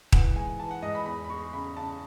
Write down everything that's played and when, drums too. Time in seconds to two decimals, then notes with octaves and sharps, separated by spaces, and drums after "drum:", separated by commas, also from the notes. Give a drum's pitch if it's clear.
0.12 E3 F#5, drum: kick D#1
0.36 G#2 G#5
0.60 E3 A5
0.71 F#5
0.82 G#2 D#5
0.95 B5
1.06 E2 B5
1.24 B5
1.30 G#3 C#6
1.53 C#3 B5
1.77 C#3 A5